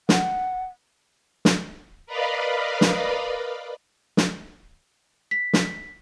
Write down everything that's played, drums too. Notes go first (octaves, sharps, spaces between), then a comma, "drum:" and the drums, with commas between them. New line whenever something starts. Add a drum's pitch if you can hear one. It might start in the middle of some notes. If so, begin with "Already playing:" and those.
F#5, drum: snare
drum: snare
A#4 B4 D5 D#5 F5 B5
drum: snare
drum: snare
B6
drum: snare